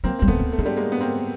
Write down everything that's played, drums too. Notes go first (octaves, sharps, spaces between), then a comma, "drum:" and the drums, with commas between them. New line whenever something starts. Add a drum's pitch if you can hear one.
F#3 A#3 C4
G3 C4
A3 B3, drum: kick D2
C#4
A3
G#3 D4
G3 A3
G#3 A#3
B3
A#3 C4